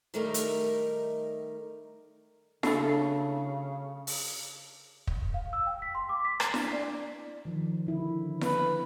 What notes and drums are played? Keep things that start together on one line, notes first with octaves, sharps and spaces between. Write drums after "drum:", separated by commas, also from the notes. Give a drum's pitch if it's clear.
D#3 G3 A3 D#4 A#4
drum: hi-hat
C#3 F#3 A3 D4 A4, drum: snare E4
drum: open hi-hat
drum: kick
F5
E6
G5
B6
C6
D6
B6
C7, drum: rim click
D4, drum: snare E4
D5
D#3 F3
D3 E4
B4, drum: snare E4